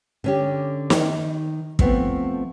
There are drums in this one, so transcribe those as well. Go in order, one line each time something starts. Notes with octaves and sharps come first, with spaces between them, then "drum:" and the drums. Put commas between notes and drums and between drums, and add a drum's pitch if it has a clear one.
D3 C#4 G4
D#3, drum: snare
F3 A3 B3 C4, drum: kick